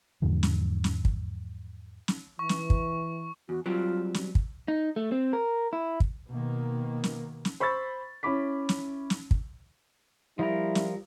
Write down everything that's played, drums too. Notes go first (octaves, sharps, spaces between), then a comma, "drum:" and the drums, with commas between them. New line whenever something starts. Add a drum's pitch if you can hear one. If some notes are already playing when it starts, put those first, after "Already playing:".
E2 G#2 D3 F3
drum: snare
drum: snare
drum: kick
drum: snare
E3 C#6
drum: snare
drum: kick
E2 F#4
F#3 G3 C4 F4
drum: snare
drum: kick
D#4
A3
C4
A#4
E4
drum: kick
B2 D#3 A#3
drum: snare
drum: snare
C5 B5 C#6 E6 A6
C#4 E4 B5 D6 B6
drum: snare
drum: snare
drum: kick
F3 G3 E4 A#4
drum: snare